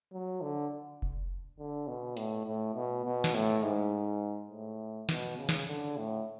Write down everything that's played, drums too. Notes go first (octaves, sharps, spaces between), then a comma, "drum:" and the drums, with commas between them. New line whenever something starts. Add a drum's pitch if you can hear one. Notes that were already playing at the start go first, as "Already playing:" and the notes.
F#3
D3
drum: kick F1
D3
B2
A2, drum: hi-hat
A2
B2
B2
drum: snare
A2
G#2
A2
B2, drum: snare
C#3
drum: snare
D3
A2